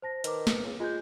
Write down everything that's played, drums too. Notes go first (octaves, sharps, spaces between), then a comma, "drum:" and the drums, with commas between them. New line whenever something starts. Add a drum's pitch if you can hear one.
C5 A5 A#6
D#3 B4 D6, drum: hi-hat
drum: snare
C#2
G#3 F4 G6